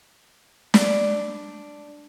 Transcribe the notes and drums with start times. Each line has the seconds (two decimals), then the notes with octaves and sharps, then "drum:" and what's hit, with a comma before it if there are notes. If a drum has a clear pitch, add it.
0.74 D4, drum: snare